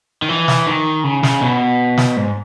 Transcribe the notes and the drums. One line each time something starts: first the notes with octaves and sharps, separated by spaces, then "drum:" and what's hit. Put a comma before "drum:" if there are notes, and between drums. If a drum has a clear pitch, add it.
D#3
E3
drum: snare
D#3
C#3
C#3, drum: snare
B2
drum: snare
G#2